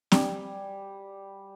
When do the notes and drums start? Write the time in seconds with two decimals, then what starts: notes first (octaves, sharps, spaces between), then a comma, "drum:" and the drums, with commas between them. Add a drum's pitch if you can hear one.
0.12 G3 G#5, drum: snare